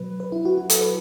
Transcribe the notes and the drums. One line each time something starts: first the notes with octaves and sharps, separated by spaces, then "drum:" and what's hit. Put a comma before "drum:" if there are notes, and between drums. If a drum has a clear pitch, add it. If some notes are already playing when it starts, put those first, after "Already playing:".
Already playing: B2 F#3 B4
B4
E4
F#4
F#4
A4, drum: hi-hat
B4